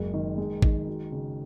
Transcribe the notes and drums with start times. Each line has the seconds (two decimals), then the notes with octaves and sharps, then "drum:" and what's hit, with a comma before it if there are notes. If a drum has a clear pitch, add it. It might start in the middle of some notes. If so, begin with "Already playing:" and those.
Already playing: F#1 G#3
0.14 D#3
0.38 G#3
0.62 D#3, drum: kick
0.87 F#3
1.12 C#3